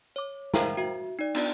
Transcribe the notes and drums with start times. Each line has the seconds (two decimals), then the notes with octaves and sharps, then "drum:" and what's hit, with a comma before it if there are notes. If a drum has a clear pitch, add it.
0.16 C#5 D6
0.54 A#4 C5 E5 F5 G5 A#5, drum: snare
0.77 F#4 E5
1.19 D#4 D5
1.35 B3 D4 F4 D5, drum: cymbal